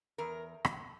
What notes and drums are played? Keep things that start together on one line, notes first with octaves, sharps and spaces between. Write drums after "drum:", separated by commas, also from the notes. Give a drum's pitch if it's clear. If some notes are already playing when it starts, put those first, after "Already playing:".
E2 A#4
drum: rim click